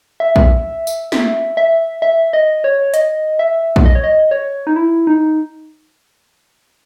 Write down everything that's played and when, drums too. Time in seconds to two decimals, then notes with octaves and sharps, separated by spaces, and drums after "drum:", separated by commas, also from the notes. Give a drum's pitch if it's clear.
0.20 E5
0.36 drum: kick A#1
0.87 drum: tambourine
1.12 E5, drum: snare
1.57 E5
2.02 E5
2.33 D#5
2.64 C#5
2.94 D#5, drum: hi-hat
3.39 E5
3.76 drum: kick A#1
3.86 D#5
3.95 C#5
4.04 D#5
4.31 C#5
4.67 D#4
4.76 E4
5.07 D#4